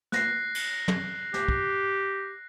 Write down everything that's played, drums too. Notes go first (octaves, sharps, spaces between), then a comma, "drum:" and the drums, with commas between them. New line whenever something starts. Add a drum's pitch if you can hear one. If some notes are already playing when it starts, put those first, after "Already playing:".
F#6 A#6 C7, drum: snare
drum: cymbal
drum: tom
G4, drum: snare
drum: kick